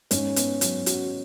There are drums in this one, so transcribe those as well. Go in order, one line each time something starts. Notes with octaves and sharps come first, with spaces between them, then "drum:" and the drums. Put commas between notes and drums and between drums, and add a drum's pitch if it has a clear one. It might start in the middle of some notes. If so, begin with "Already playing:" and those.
G#2 C#4, drum: hi-hat
B3, drum: hi-hat
F#3, drum: hi-hat
F#4, drum: hi-hat